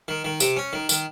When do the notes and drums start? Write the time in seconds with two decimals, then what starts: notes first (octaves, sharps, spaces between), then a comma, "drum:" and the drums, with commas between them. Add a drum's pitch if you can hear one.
0.08 D#3
0.24 D#3
0.40 C3, drum: tambourine
0.57 C#4
0.73 D#3
0.89 D#3, drum: tambourine